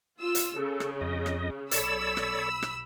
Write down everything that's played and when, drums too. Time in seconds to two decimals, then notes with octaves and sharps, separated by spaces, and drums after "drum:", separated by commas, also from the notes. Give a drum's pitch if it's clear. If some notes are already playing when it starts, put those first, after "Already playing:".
0.20 F4 E6
0.35 drum: hi-hat
0.56 C#3 A4
0.80 drum: rim click
1.01 F2 D#5
1.26 drum: rim click
1.71 B1 A4 C#5 D5 B5 E6, drum: hi-hat
2.17 drum: rim click
2.62 drum: rim click